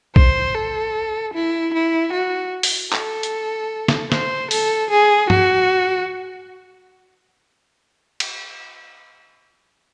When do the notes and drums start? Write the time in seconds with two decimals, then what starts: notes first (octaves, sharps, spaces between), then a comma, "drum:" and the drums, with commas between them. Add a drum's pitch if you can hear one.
0.16 C5, drum: kick
0.55 A4
1.34 E4
1.74 E4
2.13 F#4
2.63 drum: open hi-hat
2.93 A4, drum: clap
3.23 drum: hi-hat
3.88 drum: snare
4.12 C5, drum: snare
4.51 A4, drum: open hi-hat
4.90 G#4
5.30 F#4, drum: tom
8.20 drum: cymbal